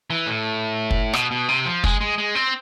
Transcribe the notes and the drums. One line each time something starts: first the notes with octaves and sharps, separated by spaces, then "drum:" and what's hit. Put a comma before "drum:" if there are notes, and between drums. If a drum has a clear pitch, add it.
E3
A2
drum: kick
B2, drum: rim click
B2
C3
F3
G#3, drum: kick
G#3
G#3
C4